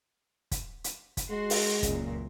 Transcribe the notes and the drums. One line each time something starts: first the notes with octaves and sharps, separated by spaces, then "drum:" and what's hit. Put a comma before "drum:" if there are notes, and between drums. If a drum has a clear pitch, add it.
drum: kick, hi-hat
drum: hi-hat
drum: kick, hi-hat
G#3 F#4 C6
drum: open hi-hat
C#2 F#2 A#2, drum: kick, hi-hat